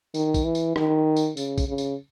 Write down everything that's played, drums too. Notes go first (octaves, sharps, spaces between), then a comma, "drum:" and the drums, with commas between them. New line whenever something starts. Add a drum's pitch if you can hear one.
D#3, drum: tambourine
drum: kick, tambourine
E3
drum: tambourine
D#3, drum: rim click
drum: tambourine
C#3, drum: tambourine
drum: kick, tambourine
C#3
drum: tambourine